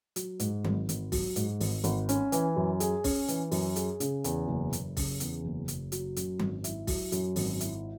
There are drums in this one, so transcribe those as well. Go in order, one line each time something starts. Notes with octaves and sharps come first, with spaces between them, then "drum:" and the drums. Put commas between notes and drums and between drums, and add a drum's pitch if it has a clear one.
F#3, drum: hi-hat
G#2, drum: hi-hat
G#1, drum: tom F#3
G#1, drum: hi-hat
F#3, drum: kick B1, open hi-hat
G#2, drum: hi-hat
G#1, drum: open hi-hat
G#1, drum: hi-hat
C#4, drum: hi-hat
E3, drum: hi-hat
F#2
G#4, drum: hi-hat
C#4, drum: kick B1, open hi-hat
E3, drum: hi-hat
F#2, drum: open hi-hat
G#4, drum: hi-hat
C#3, drum: hi-hat
E2, drum: hi-hat
F#1
F#1, drum: hi-hat
C#3, drum: kick B1, open hi-hat
E2, drum: hi-hat
F#1
F#1, drum: hi-hat
F#3, drum: hi-hat
F#2, drum: hi-hat
G#1, drum: tom F#3
E4, drum: hi-hat
F#3, drum: kick B1, open hi-hat
F#2, drum: hi-hat
G#1, drum: open hi-hat
E4, drum: hi-hat